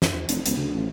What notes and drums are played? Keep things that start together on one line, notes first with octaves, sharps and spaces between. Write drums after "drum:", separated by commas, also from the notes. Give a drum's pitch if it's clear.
F#2, drum: snare
E2
F1 D4, drum: hi-hat
C#2 B3, drum: hi-hat
D2 C#3
A1 F3